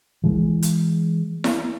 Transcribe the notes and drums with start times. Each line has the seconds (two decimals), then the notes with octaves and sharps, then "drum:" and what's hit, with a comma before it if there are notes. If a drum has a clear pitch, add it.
0.24 E3 G#3
0.62 drum: hi-hat
1.44 drum: snare E4